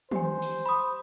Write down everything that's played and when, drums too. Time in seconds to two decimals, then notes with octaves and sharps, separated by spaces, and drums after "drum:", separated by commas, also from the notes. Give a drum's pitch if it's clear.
0.12 G4 C5 G#5, drum: tom
0.42 drum: open hi-hat
0.66 B5 D#6